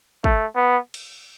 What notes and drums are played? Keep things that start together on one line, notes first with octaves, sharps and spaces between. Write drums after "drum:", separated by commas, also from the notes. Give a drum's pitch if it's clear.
A3, drum: kick
B3
drum: cymbal